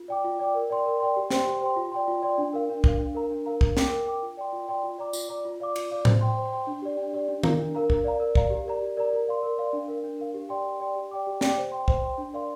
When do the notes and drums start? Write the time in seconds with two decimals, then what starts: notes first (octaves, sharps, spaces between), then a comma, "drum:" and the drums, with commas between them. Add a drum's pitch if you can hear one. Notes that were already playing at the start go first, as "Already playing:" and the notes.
Already playing: F4
0.08 D5 G5 D6
0.24 F4
0.39 D5 G5 D6
0.54 A#4
0.70 D5 G5 C6
0.86 A#4
1.00 D5 G5 C6
1.16 G4
1.30 C5 G5 C6, drum: snare
1.47 G4
1.61 C5 G5 C6
1.76 F4
1.92 D5 G5 C6
2.08 F4
2.22 D5 G5 C6
2.38 D4
2.53 A#4 F5
2.69 D4
2.84 A#4 F5, drum: kick
2.99 D4
3.15 A#4 F5 A#5
3.30 D4
3.46 A#4 F5 A#5
3.61 A#4, drum: kick
3.77 G5 D6, drum: snare
3.91 A#4
4.07 G5 D6
4.23 F4
4.37 D5 G5 C6
4.53 F4
4.68 D5 G5 C6
4.83 F4
4.98 D5 A#5 D6
5.13 F4, drum: tambourine
5.29 D5 A#5 D6
5.45 F4
5.60 D5 F5 D6
5.76 F4, drum: cymbal
5.90 D5 F5 D6
6.05 C5, drum: tom A2
6.21 G5 C6
6.37 C5
6.52 G5 C6
6.67 D4
6.82 G4 D5
6.97 D4
7.13 G4 D5
7.29 D4
7.43 A#4 F5 A#5, drum: tom D#3
7.59 D4
7.75 A#4 F5 A#5
7.90 A#4, drum: kick
8.04 D5 F5 A#5
8.20 A#4
8.35 D5 F5 A#5, drum: kick
8.50 G4
8.66 A#4 D5 A#5
8.82 G4
8.97 A#4 D5 A#5
9.12 A#4
9.27 D5 F5 C6
9.43 A#4
9.58 D5 F5 C6
9.73 D4
9.88 A#4 F5
10.04 D4
10.20 A#4 F5
10.34 G4
10.49 D5 G5 C6
10.65 G4
10.80 D5 G5 C6
10.96 G4
11.11 D5 G5 D6
11.27 G4
11.41 D5 G5 D6, drum: snare
11.57 C5
11.72 G5 C6
11.88 C5, drum: kick
12.03 G5 C6
12.18 D4
12.33 A#4 D5 F5 C6